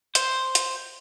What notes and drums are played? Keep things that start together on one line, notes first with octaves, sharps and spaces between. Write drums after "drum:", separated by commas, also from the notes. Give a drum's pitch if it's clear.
C5, drum: hi-hat
drum: hi-hat